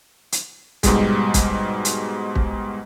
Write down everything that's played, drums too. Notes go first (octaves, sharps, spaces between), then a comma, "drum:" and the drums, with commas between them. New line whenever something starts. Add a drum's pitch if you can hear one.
drum: hi-hat
G#2 B2 G3 G#3, drum: kick, hi-hat
drum: kick, hi-hat
drum: hi-hat
drum: kick